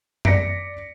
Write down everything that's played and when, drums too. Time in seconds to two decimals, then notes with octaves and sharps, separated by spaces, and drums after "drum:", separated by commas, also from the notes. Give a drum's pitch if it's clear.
0.25 D5 A#6 B6 C#7 D7, drum: tom F#2